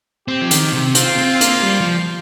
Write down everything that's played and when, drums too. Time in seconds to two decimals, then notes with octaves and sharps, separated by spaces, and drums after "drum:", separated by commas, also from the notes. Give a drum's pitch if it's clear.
0.28 C4 G4
0.42 F3
0.51 D#3, drum: hi-hat
0.72 C3
0.95 C4 F4, drum: hi-hat
1.18 C4
1.41 A#3, drum: hi-hat
1.62 G3
1.80 F3